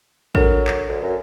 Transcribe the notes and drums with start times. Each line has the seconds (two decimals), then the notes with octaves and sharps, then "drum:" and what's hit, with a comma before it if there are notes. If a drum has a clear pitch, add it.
0.35 F#3 D4 A4 A#4, drum: kick A1
0.68 drum: clap
0.88 D2
1.03 F#2